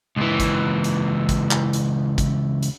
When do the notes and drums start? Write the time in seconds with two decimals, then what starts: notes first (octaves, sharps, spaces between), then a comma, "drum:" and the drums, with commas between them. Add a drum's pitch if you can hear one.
0.17 C#2 E3
0.40 drum: kick, hi-hat
0.84 drum: hi-hat
1.29 drum: kick, hi-hat
1.51 drum: clap
1.73 drum: hi-hat
2.18 drum: kick, hi-hat
2.63 drum: hi-hat